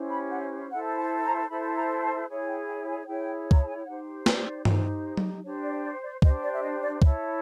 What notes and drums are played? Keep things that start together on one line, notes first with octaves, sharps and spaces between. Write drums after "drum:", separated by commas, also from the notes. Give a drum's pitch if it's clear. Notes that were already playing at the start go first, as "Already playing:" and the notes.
Already playing: C#4 E4 G4 C5
B5
F#5
E4 A4 C5 F#5
A5
A#5
C6
E4 A4 C5 B5
A#5
A5
E4 G#4 C#5
G#5
G5
G5
G5
G#5
E4 G#4 C#5 G5
A#5, drum: kick
A5
G#5
G5
D#4 G4 C5 F#5
D5, drum: snare
D#4 G4 C5, drum: tom G2
drum: tom F#3
D4 G4 C5 C#5
D5
D5
D5
D4 G4 C5 D#5, drum: kick
D5
E5
D#5
D5
E4 A4 C#5 D5, drum: kick